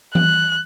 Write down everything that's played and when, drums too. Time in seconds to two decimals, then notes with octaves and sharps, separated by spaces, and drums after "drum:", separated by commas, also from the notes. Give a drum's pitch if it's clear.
0.15 F#6, drum: tom E3